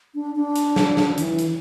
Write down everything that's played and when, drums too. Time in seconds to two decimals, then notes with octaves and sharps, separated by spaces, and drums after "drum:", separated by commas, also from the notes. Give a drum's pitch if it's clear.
0.15 D4
0.35 D4
0.56 drum: hi-hat
0.76 drum: snare
0.97 drum: snare
1.18 E3, drum: hi-hat
1.39 drum: hi-hat